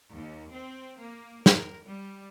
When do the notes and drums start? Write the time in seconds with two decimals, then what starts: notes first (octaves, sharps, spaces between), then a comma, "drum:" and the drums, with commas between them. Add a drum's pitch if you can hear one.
0.12 D#2
0.51 C4
0.97 A#3
1.46 A#4, drum: snare
1.84 G3